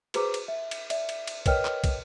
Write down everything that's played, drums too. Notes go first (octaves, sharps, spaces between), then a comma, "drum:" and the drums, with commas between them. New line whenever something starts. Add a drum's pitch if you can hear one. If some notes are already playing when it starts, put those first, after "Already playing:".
F#4 G#4 B4 C5 A#5 D6, drum: cymbal
drum: cymbal
E5
drum: cymbal
D5 E5, drum: cymbal
drum: cymbal
drum: cymbal
A#4 B4 C#5 D#5 G5 F6, drum: kick, cymbal
drum: clap
drum: kick, cymbal